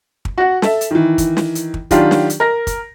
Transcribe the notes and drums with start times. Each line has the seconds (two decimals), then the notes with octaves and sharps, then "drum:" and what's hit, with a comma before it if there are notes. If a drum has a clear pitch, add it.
0.25 drum: kick
0.38 F#4 F#5
0.62 A4 E5, drum: snare
0.81 drum: hi-hat
0.91 D#3 E3
1.18 drum: kick, hi-hat
1.37 drum: snare
1.55 drum: hi-hat
1.74 drum: kick
1.91 D#3 F#3 D4 F4 G4, drum: kick, hi-hat
2.11 drum: snare
2.30 drum: hi-hat
2.40 A#4 A#6
2.67 drum: kick, hi-hat